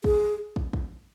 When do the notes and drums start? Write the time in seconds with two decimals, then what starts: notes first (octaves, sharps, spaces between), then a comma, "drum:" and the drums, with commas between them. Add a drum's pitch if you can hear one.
0.04 G#4, drum: kick
0.56 drum: kick
0.73 drum: kick